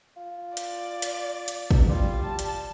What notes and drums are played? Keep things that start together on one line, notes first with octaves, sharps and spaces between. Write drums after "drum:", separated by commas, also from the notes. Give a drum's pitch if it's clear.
F4
D5, drum: hi-hat
drum: hi-hat
drum: hi-hat
drum: kick
G3 F4
A5
drum: hi-hat